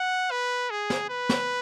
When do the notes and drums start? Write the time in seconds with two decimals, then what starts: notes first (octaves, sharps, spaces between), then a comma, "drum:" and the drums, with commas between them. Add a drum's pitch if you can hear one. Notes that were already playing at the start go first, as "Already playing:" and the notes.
Already playing: F#5
0.31 B4
0.71 G#4
0.90 drum: snare
1.09 B4
1.29 drum: snare